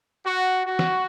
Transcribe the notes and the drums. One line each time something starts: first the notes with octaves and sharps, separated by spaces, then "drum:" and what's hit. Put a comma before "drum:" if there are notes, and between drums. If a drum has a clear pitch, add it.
F#4
F#4
drum: snare